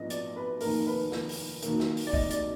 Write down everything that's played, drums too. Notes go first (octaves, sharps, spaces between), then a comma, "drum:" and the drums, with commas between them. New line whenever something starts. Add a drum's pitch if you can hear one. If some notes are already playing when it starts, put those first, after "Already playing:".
Already playing: A#1 G#2 F3 B3 D#5
D5, drum: hi-hat
B4
F1 D#2 D#3 A#3 A#4, drum: open hi-hat
B4
drum: snare
drum: open hi-hat
D#2 D#3 F#3 A#3, drum: hi-hat
drum: snare
drum: open hi-hat
D5
D#5, drum: kick
D5, drum: hi-hat